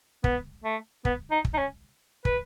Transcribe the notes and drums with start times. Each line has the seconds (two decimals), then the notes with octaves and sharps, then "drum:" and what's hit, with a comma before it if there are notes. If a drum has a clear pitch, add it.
0.24 B3, drum: kick
0.64 A3
1.05 B3, drum: kick
1.31 D#4
1.45 drum: kick
1.54 D#4
1.58 C#4
2.25 B4, drum: kick